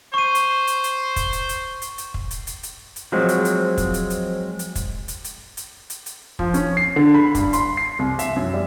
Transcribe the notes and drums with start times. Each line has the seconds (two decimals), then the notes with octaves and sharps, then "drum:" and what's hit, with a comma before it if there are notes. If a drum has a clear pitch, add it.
0.14 C5 C#6 D#7
0.35 drum: hi-hat
0.67 drum: hi-hat
0.84 drum: hi-hat
1.16 drum: kick, hi-hat
1.33 drum: hi-hat
1.49 drum: hi-hat
1.82 drum: hi-hat
1.98 drum: hi-hat
2.14 drum: kick
2.31 drum: hi-hat
2.47 drum: hi-hat
2.63 drum: hi-hat
2.96 drum: hi-hat
3.12 F3 F#3 G#3 C4
3.29 drum: hi-hat
3.45 drum: hi-hat
3.78 drum: kick, hi-hat
3.94 drum: hi-hat
4.10 drum: hi-hat
4.59 drum: hi-hat
4.75 drum: kick, hi-hat
5.08 drum: hi-hat
5.24 drum: hi-hat
5.57 drum: hi-hat
5.90 drum: hi-hat
6.06 drum: hi-hat
6.39 F3, drum: kick
6.54 C#4, drum: hi-hat
6.77 C7
6.96 D3
7.14 B5
7.35 G2, drum: kick, hi-hat
7.53 C6, drum: hi-hat
7.77 C7
7.99 C2
8.19 E5, drum: hi-hat
8.36 F#2
8.54 G3